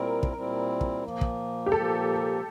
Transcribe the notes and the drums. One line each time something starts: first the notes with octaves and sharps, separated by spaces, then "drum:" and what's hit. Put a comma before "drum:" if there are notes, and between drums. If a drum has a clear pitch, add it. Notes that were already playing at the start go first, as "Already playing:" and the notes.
Already playing: A#2 G3 C4 E4 A#4
drum: kick
A#2 G3 C4 E4
drum: kick
A#2 F3 A#3
drum: kick
G4
A#2 F3 A#3 A4